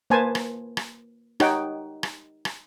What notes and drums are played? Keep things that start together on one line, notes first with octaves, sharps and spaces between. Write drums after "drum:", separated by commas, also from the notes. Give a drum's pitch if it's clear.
A#3 B4 C5 G#5 A5
drum: rim click
drum: rim click
D#4 G4 C#5 F#5 G5, drum: rim click
drum: rim click
drum: rim click